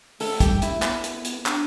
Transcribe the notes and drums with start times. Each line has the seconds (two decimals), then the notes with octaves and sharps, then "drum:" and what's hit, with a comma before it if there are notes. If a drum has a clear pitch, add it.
0.20 A3 A4, drum: open hi-hat
0.40 G3 G4, drum: kick, hi-hat
0.62 A3 E4, drum: hi-hat
0.82 B3, drum: clap
1.04 drum: hi-hat
1.24 drum: hi-hat
1.46 D4, drum: clap